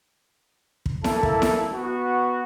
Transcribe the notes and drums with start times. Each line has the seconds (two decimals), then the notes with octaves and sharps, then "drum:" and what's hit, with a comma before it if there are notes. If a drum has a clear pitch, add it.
0.86 drum: kick
1.04 A#3 E4 A4 A5, drum: snare E4
1.23 drum: kick
1.42 drum: snare E4
1.73 B3 F#4